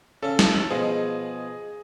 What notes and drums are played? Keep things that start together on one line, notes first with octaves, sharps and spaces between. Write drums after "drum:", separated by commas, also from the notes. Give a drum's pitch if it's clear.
C#3 C#4 A4
drum: snare
B2 F3 G#4 D#5